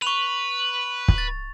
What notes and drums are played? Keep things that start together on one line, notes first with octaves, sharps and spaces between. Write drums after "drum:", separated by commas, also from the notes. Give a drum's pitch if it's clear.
B4 C#6 F7
drum: kick
A6